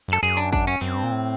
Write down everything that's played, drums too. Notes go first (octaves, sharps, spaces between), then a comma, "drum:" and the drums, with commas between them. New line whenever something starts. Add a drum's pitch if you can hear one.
F#2 A4
F#2 G#4
D4
D4, drum: kick
C#4
F#2 C4
G2
A#2
A2